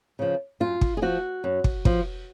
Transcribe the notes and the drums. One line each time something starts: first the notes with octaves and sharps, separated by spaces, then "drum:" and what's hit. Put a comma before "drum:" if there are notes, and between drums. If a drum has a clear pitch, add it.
C#3 F3
F#2 F4
drum: kick
G#4
F3 F#4
F#2
drum: kick
F3, drum: kick